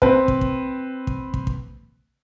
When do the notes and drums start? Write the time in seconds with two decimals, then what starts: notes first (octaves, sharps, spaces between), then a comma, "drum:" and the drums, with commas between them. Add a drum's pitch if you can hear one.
0.02 C4 B4, drum: kick
0.28 drum: kick
0.41 drum: kick
1.07 drum: kick
1.34 drum: kick
1.47 drum: kick